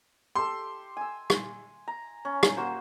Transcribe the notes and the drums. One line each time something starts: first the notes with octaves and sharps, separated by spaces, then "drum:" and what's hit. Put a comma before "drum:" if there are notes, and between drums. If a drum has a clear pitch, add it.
G4 A4 C6
G#5 E6
drum: rim click
A#5
C#4
drum: rim click
A#3 F#4 C5